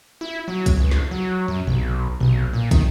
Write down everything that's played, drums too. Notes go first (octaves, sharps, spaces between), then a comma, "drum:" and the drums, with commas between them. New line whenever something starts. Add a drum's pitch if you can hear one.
E4
F#3
drum: kick, hi-hat
C#2
drum: snare
F#3
F#2
B1, drum: tom A#2
B1, drum: tom A#2
A#2
D#3, drum: kick, hi-hat